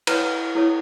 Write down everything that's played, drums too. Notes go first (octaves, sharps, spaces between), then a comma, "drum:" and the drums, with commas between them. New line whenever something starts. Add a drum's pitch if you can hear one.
E4 A4 B4 C#5 B5, drum: cymbal
E4 A4 C#5